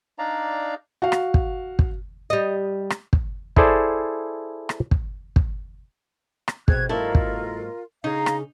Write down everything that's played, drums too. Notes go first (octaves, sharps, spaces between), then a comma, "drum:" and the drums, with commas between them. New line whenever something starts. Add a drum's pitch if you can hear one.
D4 D#4 D5 F5 A#5
F#4 F5
drum: rim click
drum: kick
drum: kick
G3 D#5
drum: rim click
drum: kick
E4 G#4 A4 C5 D5, drum: kick
drum: rim click
drum: kick
drum: kick
drum: rim click
B2 C4 G#4 F#6 G#6, drum: kick
G#2 F#3 A#3 E4 F4 A4 A#4
drum: kick
C#3 D#4 G#4 F5 A#5
drum: rim click